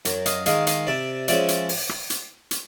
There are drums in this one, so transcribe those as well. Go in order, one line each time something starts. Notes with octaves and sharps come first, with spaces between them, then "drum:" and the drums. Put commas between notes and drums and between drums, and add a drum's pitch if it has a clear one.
F#2, drum: hi-hat
D#5 F5, drum: hi-hat
D#3 G#3 D#5 F5, drum: hi-hat
D#5 F5, drum: hi-hat
C3 D5 E5
F3 G#3 C#4 D5 E5, drum: hi-hat
drum: hi-hat
drum: open hi-hat
drum: rim click
drum: hi-hat
drum: hi-hat